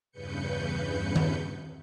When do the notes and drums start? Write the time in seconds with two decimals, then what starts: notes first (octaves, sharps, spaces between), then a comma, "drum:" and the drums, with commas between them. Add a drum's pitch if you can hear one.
0.11 E2 G2 C#3 B4 G6 C#7
1.16 drum: tom D#3